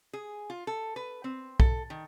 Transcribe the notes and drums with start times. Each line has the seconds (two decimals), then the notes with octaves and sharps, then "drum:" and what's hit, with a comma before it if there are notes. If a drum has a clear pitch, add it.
0.13 G#4
0.50 F4
0.67 A4
0.96 B4
1.24 C4
1.60 A4, drum: kick B1
1.90 D#3